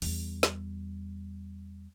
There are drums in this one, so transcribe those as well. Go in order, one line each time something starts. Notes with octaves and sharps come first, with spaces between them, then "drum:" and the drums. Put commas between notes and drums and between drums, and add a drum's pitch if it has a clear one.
E2 G3, drum: open hi-hat
drum: snare